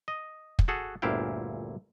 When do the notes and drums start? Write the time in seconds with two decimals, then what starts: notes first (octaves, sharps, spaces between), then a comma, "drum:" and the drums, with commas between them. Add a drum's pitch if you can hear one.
0.08 D#5
0.59 drum: kick
0.68 F#4 G#4 A4 F#5
1.02 G1 D2 A#2 E4 F5 G5